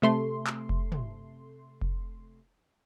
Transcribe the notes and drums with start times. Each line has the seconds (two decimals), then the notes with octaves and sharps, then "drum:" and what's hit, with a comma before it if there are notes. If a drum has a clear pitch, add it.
0.02 C3 A3 C6
0.47 drum: clap
0.69 drum: kick F1
0.92 drum: tom
1.82 drum: kick F1